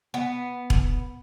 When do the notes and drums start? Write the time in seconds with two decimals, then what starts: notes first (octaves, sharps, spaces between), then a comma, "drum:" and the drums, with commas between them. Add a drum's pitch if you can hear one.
0.14 B3
0.70 drum: kick E1